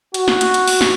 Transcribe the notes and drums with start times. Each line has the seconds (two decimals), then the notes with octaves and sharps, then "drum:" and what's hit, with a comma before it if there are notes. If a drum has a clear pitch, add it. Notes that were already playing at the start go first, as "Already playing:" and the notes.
0.14 F#4, drum: hi-hat
0.28 drum: snare
0.41 drum: hi-hat
0.54 drum: hi-hat
0.68 drum: open hi-hat
0.81 drum: snare